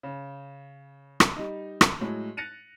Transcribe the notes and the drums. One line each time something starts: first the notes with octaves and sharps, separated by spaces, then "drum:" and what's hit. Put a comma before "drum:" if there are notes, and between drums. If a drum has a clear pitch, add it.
C#3
drum: rim click
G3 D#4
drum: rim click
A2 F#3 G#3
F#6 A6 A#6 C#7 D#7 F7